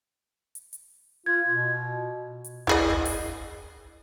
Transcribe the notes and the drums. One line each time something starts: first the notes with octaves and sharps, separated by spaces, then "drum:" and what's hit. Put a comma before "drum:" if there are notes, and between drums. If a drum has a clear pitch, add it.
drum: hi-hat
drum: hi-hat
F4 G#6
B2
drum: hi-hat
E4 G#4 D#5, drum: kick
drum: kick
drum: open hi-hat